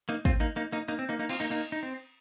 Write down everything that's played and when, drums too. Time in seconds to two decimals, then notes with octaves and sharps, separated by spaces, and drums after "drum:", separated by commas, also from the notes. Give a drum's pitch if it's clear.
0.09 A#3 D#4
0.25 C4 F4, drum: kick
0.40 A#3 D#4
0.56 A#3 D#4
0.72 A#3 D#4
0.88 A#3 D#4
0.99 C4
1.09 A#3 D#4
1.19 A#3 D#4
1.29 C4 F4, drum: cymbal
1.40 A#3 D#4
1.50 A#3 D#4
1.72 D#4
1.83 C4